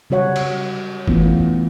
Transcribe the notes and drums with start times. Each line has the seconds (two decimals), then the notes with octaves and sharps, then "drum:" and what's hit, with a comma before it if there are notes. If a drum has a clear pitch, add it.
0.10 C#3 G3 F#4 C#5 F#5
0.36 drum: cymbal
1.08 E3 A3 B3 C#4 F4, drum: kick F#1